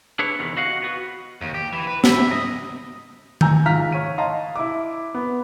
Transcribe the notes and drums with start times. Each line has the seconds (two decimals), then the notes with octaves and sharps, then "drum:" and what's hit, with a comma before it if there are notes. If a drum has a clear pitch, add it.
0.19 D4 E4 G#4 B4 C#5
0.39 E2 C3 D#3
0.57 F#4 D#5 F5 F#5
0.82 B3 F#4
1.41 D#2
1.54 G4
1.73 E3
1.87 B4
2.04 E5, drum: snare
2.32 D#5
3.41 G#5 A#5 E6 G6, drum: tom D#3
3.66 G#2 F4 A#5 F6 B6
3.92 C#5 D#7
4.18 D#5 F5 A5 A#5 C6
4.56 E4 D6
5.15 B3